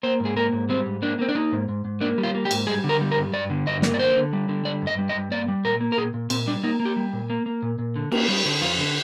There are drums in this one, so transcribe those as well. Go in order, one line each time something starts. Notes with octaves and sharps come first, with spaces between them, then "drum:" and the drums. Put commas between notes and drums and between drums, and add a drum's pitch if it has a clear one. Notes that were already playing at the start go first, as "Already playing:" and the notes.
A#3 C5
G#2
G#4
A#3 A#4
G#2
G3 C4
G#2
A#3 D4
A#3 C4
D4
A#3 D#4
G#2
G#2
G#2
A#3 D4
G3
F4
A#3
G4
G#2, drum: cymbal
G3 G#4
D3
A#4
G3
A#4
G2
G2 D5
D3
G2 D#5
A#3, drum: snare
D5
D3 C5
D3
G3
D3
G3 D5
G2 D#5
G3
D#5
G2
A#3 D5
G3
A#2 A#4
A#3
A#4
A#2 G#4
A#2
A#2 C4, drum: cymbal
G3 D4
A#3 D#4
A#3
G4
G3
A#2
A#3
A#3
A#2
A#2
D3
A#3, drum: cymbal
G3
D3
F2 F4
D3